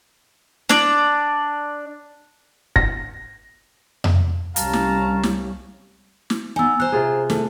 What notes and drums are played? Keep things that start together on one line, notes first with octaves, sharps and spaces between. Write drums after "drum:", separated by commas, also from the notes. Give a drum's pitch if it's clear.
D4 D5, drum: snare
A#6, drum: kick
drum: tom F2
C2 G3 C#4 F5 A5 A#5, drum: hi-hat
drum: snare
drum: snare
drum: snare
B3 D#4 G#5 E6
C5 G#5 A#5 F#6
C3 F4 G#4
A3, drum: snare